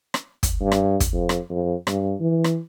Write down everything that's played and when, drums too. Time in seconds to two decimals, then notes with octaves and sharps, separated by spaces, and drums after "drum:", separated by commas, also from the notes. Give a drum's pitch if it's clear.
0.14 drum: rim click
0.43 drum: kick, hi-hat
0.61 G2
0.72 drum: rim click
1.00 drum: kick, hi-hat
1.13 F2
1.29 drum: rim click
1.50 F2
1.87 G2, drum: rim click
2.20 E3
2.44 drum: rim click